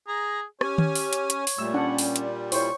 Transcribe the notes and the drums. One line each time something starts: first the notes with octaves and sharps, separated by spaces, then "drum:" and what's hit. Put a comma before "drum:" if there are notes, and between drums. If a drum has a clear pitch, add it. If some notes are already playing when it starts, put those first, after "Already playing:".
G#4 A#5
C#4 G4 C#5 G#5, drum: rim click
drum: tom D#3
drum: open hi-hat
drum: hi-hat
drum: hi-hat
drum: open hi-hat
A#2 G3 A3 E6
C#4 D4 F#5
drum: open hi-hat
drum: hi-hat
E4 C5 C#5 C#6, drum: open hi-hat